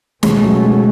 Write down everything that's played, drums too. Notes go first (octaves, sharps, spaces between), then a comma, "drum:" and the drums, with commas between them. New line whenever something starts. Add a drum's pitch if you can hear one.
C#2 B2 G#3 A3 C#4, drum: snare
F#3
G#3